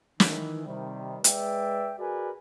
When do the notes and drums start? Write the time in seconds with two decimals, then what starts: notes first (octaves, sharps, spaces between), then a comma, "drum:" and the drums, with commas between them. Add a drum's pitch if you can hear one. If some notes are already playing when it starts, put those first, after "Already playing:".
0.20 D#3 E3, drum: snare
0.66 C3 D#3 G3
1.24 G#3 B4 D5 E5 G5, drum: hi-hat
1.98 F#4 G#4 A#4 B4 D5 G#5